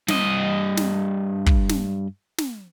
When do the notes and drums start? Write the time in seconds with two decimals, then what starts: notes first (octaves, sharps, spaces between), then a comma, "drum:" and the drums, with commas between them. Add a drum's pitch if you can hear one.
0.08 G2 D#5, drum: snare
0.77 drum: snare
1.46 drum: kick
1.69 drum: snare
2.38 drum: snare